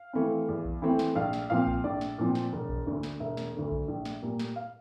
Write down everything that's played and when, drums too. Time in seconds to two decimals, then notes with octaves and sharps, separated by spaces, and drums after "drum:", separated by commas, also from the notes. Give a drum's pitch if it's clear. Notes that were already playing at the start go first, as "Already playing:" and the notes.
Already playing: F5
0.13 E3 A3 C4
0.49 E2
0.65 drum: kick A#1
0.82 E3 A3 C4
0.99 drum: snare
1.16 A#1 F5
1.33 drum: snare
1.50 A#2 F3 C4 F5
1.67 drum: kick A#1
1.84 A#1 D5
2.01 drum: snare
2.18 A#2 F3 C4
2.35 drum: snare
2.53 E1
2.69 drum: kick A#1
2.87 D2 D3 A3
3.03 drum: snare
3.20 E1 E5
3.37 drum: snare
3.54 D2 D3 A3
3.71 drum: kick A#1
3.88 A#1
4.05 drum: snare
4.22 A#2 G3 A#3
4.39 drum: snare
4.56 F5